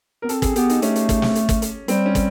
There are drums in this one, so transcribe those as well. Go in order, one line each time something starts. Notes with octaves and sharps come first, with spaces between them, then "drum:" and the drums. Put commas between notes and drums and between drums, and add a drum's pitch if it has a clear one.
B3 A#4
C4 A4, drum: hi-hat
G#4, drum: kick, hi-hat
B3 G4, drum: hi-hat
D#4, drum: hi-hat
A3 C#4, drum: hi-hat
drum: hi-hat
drum: kick, hi-hat
drum: snare
drum: hi-hat
drum: kick, hi-hat
drum: hi-hat
G3 C4, drum: hi-hat
C#4
drum: kick, hi-hat